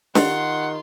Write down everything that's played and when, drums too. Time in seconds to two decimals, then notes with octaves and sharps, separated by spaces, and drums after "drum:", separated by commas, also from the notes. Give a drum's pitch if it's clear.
0.15 D#3 F4 G4 D#5 F#5 C6, drum: snare